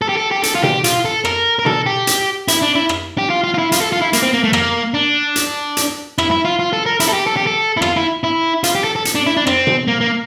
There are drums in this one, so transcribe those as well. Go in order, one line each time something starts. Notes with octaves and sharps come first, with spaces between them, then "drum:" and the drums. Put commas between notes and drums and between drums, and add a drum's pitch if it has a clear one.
A4
G4
A4
G4
A4, drum: hi-hat
F4
G4, drum: tom B2
F4, drum: hi-hat
A4
A#4, drum: rim click
A#4
A4, drum: tom B2
G4
drum: hi-hat
E4, drum: hi-hat
D4
E4
drum: rim click
G4
F4
F4
F4
E4
F4, drum: hi-hat
A4
F4
E4
A#3, drum: hi-hat
C4
A#3
A3
A#3, drum: rim click
D4
drum: hi-hat
drum: hi-hat
E4, drum: rim click
E4
F4
F4
A4
A#4
E4, drum: hi-hat
A4
G4
A4
G4
A4
E4
F4, drum: rim click
E4
E4
F4, drum: hi-hat
G4
A4
A4
drum: hi-hat
D4
E4
D4
C4, drum: rim click
drum: tom B2
A#3
A#3